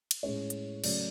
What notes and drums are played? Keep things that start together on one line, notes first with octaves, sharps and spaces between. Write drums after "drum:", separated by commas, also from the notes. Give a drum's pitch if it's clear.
drum: cymbal
A2 G#3 C#4 C#5
drum: hi-hat
C#3 F#3 A3 D5, drum: cymbal